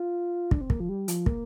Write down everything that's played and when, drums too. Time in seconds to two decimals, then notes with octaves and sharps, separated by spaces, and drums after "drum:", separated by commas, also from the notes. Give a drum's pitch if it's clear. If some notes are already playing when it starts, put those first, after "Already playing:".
Already playing: F4
0.51 D4, drum: kick
0.61 C4
0.70 A#3, drum: kick
0.80 F3
0.89 G3
1.08 F3, drum: hi-hat
1.26 A#3, drum: kick